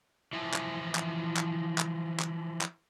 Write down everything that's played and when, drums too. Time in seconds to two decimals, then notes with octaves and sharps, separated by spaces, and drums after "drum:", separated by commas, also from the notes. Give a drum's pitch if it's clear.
0.33 E3 F3
0.54 drum: clap
0.95 drum: clap
1.37 drum: clap
1.78 drum: clap
2.20 drum: clap
2.61 drum: clap